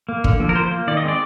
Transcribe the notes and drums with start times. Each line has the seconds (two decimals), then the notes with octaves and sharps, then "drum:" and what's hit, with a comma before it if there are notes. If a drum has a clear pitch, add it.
0.09 A#3
0.24 D3, drum: kick
0.40 F3 A#3
0.49 A#4
0.55 F3 C5
0.71 A#3
0.87 D#3 D5
0.97 D#5
1.03 G#3 C4 D5